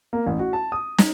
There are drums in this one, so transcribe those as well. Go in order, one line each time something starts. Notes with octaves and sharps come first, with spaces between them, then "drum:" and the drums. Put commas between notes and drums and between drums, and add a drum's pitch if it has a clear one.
A#3
A1
F#4
A5
D#6
D#4, drum: snare